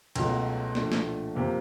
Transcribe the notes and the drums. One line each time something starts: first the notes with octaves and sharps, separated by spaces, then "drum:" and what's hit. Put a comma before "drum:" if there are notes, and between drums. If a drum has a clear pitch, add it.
C#2 B2 F#3 A3, drum: cymbal
A#2 F3 A3 D4, drum: snare
drum: snare
C3 F3 A#3